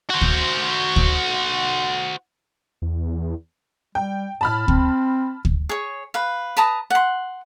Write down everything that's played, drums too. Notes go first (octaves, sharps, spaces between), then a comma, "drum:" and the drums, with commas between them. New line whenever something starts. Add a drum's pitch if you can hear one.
F#4 C5
drum: kick
drum: kick
E2
G3 G5
A2 A5 B5 F6
C4, drum: kick
drum: kick
G#4 C#5
B4 F5
B4 A5 A#5 D#6
F#5 C6